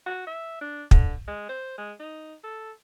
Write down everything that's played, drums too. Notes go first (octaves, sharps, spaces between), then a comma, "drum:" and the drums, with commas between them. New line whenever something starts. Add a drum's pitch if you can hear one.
F#4
E5
D4
D3, drum: kick
G#3
C5
G#3
D#4
A4